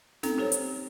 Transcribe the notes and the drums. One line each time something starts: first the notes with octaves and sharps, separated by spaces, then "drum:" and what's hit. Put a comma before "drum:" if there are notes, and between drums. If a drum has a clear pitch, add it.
C4 D#4 A4, drum: snare
G4 A4 C5 C#5
drum: hi-hat